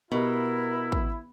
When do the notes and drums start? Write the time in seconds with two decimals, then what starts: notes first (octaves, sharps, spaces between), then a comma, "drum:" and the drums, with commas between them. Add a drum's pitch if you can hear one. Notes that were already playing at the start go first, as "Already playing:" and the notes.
0.12 B2 B3 E4 G4 A#4
0.92 drum: kick